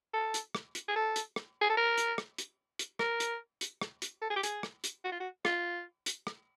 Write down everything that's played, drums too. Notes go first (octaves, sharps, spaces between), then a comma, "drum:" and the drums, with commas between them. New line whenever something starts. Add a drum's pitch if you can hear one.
A4
drum: hi-hat
drum: rim click
drum: hi-hat
G#4
A4
drum: hi-hat
drum: rim click
G#4
A4
A#4
drum: hi-hat
drum: rim click
drum: hi-hat
drum: hi-hat
A#4, drum: rim click
drum: hi-hat
drum: hi-hat
drum: rim click
drum: hi-hat
A4
G#4
G4
G#4, drum: hi-hat
drum: rim click
drum: hi-hat
F#4
F4
F#4
F4, drum: rim click
drum: hi-hat
drum: rim click